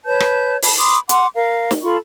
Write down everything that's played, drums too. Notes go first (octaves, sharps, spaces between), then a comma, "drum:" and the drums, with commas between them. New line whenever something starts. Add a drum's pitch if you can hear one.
B4 C#5 A5 G6
drum: rim click
A5 B5, drum: open hi-hat
B5 C6 D6 D#6
F#5 C6 D6, drum: hi-hat
A#4 F5
drum: snare
F4 A4 B5 C#6